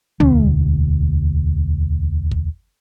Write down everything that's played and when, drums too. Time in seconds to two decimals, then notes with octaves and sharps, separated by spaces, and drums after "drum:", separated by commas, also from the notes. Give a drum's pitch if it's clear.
0.20 E1 D2, drum: tom
2.31 drum: kick